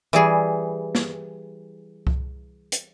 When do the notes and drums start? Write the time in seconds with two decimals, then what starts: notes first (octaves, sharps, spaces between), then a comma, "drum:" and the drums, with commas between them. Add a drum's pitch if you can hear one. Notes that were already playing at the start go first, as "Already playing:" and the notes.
0.13 E3 G3 G#4
0.95 drum: snare
2.07 drum: kick C2
2.72 drum: hi-hat